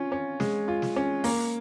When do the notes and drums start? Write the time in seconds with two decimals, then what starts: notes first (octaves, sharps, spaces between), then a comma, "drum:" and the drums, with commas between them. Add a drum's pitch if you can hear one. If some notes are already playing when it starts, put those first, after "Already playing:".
Already playing: C#4 F4
0.12 C#4
0.40 G#3, drum: snare
0.68 F4
0.82 drum: snare
0.96 C#4
1.24 A#3, drum: open hi-hat